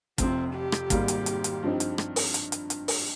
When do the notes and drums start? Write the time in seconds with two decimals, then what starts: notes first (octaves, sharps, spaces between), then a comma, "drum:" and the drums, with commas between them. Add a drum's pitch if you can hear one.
0.18 F1 F2 C3 C4, drum: kick, hi-hat
0.54 G4
0.72 drum: rim click
0.90 G#1 G#2 G3 A#3, drum: kick, hi-hat
1.08 drum: hi-hat
1.26 drum: hi-hat
1.44 drum: hi-hat
1.63 G2 F3 C4 D#4
1.80 drum: hi-hat
1.98 drum: rim click
2.16 drum: open hi-hat
2.34 drum: hi-hat
2.52 drum: hi-hat
2.70 drum: hi-hat
2.88 drum: open hi-hat